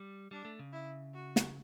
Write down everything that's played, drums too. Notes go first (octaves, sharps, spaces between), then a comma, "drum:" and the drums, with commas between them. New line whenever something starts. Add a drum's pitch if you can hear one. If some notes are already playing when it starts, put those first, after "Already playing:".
Already playing: G3
G3 D4
A3
C#3
E4
F#4
drum: snare